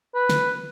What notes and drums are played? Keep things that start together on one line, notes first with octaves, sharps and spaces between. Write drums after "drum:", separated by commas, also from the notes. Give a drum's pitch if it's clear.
B4
drum: snare